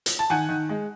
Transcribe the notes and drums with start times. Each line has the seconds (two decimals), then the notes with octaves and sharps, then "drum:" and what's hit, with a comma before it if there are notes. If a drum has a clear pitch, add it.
0.06 drum: hi-hat
0.19 A5
0.30 D#3 F#5 G#5
0.49 D#3
0.69 G#3